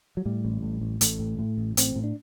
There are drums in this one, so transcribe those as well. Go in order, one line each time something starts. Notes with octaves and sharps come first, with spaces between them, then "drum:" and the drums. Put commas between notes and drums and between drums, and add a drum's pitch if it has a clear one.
F#3
A2 G3
A1
A2
A1
A1 A3, drum: hi-hat
A2
A2
A1
A2 C4, drum: hi-hat
A2
D4